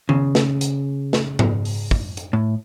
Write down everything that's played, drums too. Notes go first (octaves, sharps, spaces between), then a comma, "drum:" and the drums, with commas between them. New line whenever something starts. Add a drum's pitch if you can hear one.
C#3, drum: tom D#3
drum: snare
drum: hi-hat
drum: snare
drum: tom G#2
drum: open hi-hat
drum: kick
drum: hi-hat
A2